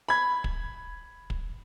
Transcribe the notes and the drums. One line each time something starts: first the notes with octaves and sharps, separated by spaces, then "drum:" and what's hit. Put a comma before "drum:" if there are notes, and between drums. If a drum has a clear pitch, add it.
B5 G#6
drum: kick
drum: kick